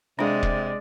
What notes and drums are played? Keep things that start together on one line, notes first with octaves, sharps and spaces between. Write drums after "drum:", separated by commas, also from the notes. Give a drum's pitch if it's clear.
C3 G#3 D4 D5 F5
drum: kick E1